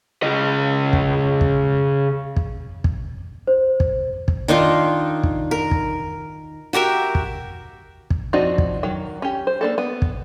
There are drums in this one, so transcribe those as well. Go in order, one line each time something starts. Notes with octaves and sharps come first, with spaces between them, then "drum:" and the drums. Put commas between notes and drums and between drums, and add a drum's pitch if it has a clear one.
C#3 D#5
drum: kick
drum: kick
drum: kick
drum: kick
C5
drum: kick
drum: kick
D#3 D4 D#4 F4
drum: kick
A#4
drum: kick
F#4 G4 A#4 E5
drum: kick
drum: kick
F3 C4 D4 D#4 F#4
drum: kick
D#3 F#3
C#4 G4
C5
A#3 D4 A4
B3
drum: kick